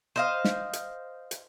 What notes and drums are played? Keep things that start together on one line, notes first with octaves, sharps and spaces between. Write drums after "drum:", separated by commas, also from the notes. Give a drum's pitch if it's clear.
C5 D#5 F5
drum: snare
drum: hi-hat
drum: hi-hat